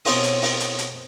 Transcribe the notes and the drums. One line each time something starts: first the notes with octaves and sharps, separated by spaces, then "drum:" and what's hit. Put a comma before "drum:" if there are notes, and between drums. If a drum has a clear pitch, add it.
B2 C4 G#4 C#5 C6 D#6, drum: open hi-hat
drum: hi-hat
drum: open hi-hat
drum: hi-hat
drum: hi-hat